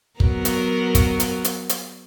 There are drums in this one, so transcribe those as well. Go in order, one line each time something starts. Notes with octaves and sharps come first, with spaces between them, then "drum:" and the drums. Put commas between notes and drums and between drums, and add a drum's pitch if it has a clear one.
F#3 B3 A#4, drum: kick
drum: hi-hat
drum: kick, hi-hat
drum: hi-hat
drum: hi-hat
drum: hi-hat